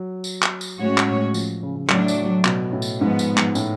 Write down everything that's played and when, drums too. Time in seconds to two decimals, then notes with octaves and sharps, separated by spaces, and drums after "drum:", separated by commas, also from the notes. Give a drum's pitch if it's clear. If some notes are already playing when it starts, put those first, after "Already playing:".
Already playing: F#3
0.24 drum: tambourine
0.42 drum: clap
0.61 drum: tambourine
0.79 A2 G#3 C#4 F#4 C#5
0.98 drum: clap
1.34 F3, drum: tambourine
1.63 C#3
1.76 C#3
1.89 A2 F#3 A3 D4, drum: clap
2.08 drum: tambourine
2.45 B2, drum: clap
2.73 A2
2.82 drum: tambourine
3.01 G#2 F3 G#3 B3
3.19 drum: tambourine
3.37 drum: clap
3.55 A2, drum: tambourine